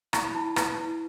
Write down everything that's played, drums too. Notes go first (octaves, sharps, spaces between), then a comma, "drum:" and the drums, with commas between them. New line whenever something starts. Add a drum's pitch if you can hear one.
E4 C#6, drum: rim click
B5
E4 A5
A5
B4 A5, drum: rim click
E4